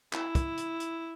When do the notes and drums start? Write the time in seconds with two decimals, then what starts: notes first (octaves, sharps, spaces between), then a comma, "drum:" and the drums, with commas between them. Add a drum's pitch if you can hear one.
0.13 E4, drum: clap
0.35 drum: kick, hi-hat
0.58 drum: hi-hat
0.80 drum: hi-hat